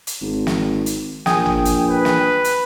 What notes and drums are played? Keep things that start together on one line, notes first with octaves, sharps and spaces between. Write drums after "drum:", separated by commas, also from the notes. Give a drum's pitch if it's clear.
drum: hi-hat
G#1
drum: snare
drum: hi-hat
A#1 G5 G#5 D#6, drum: snare
drum: tom
drum: hi-hat
B4
drum: snare
drum: hi-hat